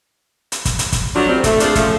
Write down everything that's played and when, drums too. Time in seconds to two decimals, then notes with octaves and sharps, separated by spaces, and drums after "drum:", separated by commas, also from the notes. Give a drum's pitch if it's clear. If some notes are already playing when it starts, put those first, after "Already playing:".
0.52 drum: hi-hat
0.65 drum: kick, hi-hat
0.79 drum: hi-hat
0.92 drum: kick, hi-hat
1.14 F3 F#3 A3 D4
1.29 F3 G3 A3 C4
1.44 A3, drum: kick, hi-hat
1.60 C4 D4 F4 G#4 A4, drum: hi-hat
1.75 C#3 F3 A3, drum: kick, hi-hat